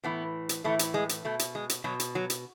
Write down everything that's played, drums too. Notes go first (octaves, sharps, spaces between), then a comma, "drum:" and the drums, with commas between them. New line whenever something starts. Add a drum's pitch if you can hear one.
A2 E3 B3
drum: hi-hat
A2 E3 A3
drum: hi-hat
G#3
drum: hi-hat
B2 A3
drum: hi-hat
G#3
drum: hi-hat
B2 F#3
drum: hi-hat
F#3
drum: hi-hat